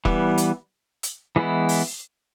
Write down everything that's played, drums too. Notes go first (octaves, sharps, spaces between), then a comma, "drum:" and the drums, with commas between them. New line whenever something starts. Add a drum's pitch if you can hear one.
E3 G3 B3, drum: kick E1
drum: hi-hat
drum: hi-hat
E3 G#3 B3 E4
drum: open hi-hat